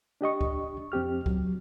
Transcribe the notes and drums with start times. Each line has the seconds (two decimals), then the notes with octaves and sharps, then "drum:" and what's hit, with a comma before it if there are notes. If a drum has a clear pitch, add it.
0.21 D4 G4 D#5 C#6
0.41 drum: kick
0.92 F2 C4 G4 F6
1.26 F#3, drum: kick